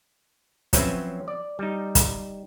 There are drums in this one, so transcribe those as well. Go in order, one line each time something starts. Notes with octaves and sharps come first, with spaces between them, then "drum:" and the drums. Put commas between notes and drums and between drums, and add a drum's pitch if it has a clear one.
F3 F#3 C4 C#4 B4 E5, drum: kick, hi-hat
D5
G3 D#4
drum: kick, hi-hat